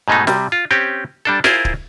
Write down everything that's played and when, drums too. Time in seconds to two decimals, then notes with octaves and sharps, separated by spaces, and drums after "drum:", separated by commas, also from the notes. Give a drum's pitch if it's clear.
0.08 G#2 B2 G#3 A3 D#4
0.27 C3 G3, drum: snare
0.52 F4
0.71 C4 C#4 G4
1.25 G3 D4 A4
1.44 E4 F4 G#4 A#4 C5, drum: snare
1.65 drum: kick D1